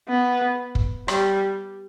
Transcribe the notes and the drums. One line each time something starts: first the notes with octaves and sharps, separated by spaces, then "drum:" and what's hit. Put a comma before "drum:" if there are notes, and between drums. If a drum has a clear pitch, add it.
B3
drum: kick
G3, drum: rim click